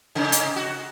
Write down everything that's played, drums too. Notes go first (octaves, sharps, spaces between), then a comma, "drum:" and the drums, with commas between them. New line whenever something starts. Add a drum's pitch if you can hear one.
G#2 C3
drum: hi-hat
F#4